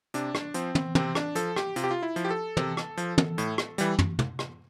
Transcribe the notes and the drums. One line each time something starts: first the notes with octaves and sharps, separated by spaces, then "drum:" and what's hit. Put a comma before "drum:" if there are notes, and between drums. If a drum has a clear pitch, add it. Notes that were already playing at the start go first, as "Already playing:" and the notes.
C3 D4, drum: hi-hat
drum: rim click
F3 C4, drum: hi-hat
drum: tom
C3 C4, drum: tom
D4, drum: rim click
F3 A4, drum: hi-hat
G4, drum: rim click
C3 F4, drum: hi-hat
G4
F4
E4
F3, drum: hi-hat
G4
A4
C3, drum: tom
drum: rim click
F3, drum: hi-hat
drum: tom
A2, drum: hi-hat
drum: rim click
E3 G3, drum: hi-hat
drum: tom
drum: tom
drum: rim click